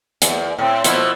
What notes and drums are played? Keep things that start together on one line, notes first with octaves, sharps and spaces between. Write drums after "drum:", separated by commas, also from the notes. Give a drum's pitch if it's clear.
E2, drum: hi-hat
A2 C4
B2 F3 E4, drum: hi-hat